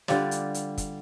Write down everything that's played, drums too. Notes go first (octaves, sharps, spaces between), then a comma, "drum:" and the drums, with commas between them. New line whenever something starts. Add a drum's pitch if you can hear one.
D3 G3 F4 D5, drum: snare
drum: hi-hat
drum: hi-hat
drum: kick, hi-hat